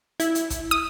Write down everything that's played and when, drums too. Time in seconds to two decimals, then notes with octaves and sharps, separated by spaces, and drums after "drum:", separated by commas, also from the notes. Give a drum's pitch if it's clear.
0.20 E4, drum: hi-hat
0.35 drum: hi-hat
0.50 drum: kick, hi-hat
0.71 D#6